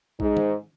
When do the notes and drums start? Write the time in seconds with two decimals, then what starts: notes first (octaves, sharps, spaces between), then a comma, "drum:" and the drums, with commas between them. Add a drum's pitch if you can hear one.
0.20 G#2, drum: kick A#1
0.37 drum: tom